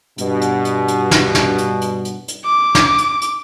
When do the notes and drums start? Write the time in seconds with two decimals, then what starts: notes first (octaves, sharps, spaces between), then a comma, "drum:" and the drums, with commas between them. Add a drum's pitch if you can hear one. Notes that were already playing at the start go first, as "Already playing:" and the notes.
0.18 G2 B2, drum: hi-hat
0.41 drum: hi-hat
0.65 drum: hi-hat
0.88 drum: hi-hat
1.11 drum: snare
1.35 drum: snare
1.58 drum: hi-hat
1.81 drum: hi-hat
2.05 drum: hi-hat
2.28 drum: hi-hat
2.45 D6
2.75 drum: snare
2.98 drum: hi-hat
3.22 drum: hi-hat